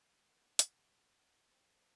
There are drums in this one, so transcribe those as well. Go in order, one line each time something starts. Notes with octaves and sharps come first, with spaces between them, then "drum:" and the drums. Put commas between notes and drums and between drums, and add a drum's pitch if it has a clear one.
F#5
drum: hi-hat
F3 C4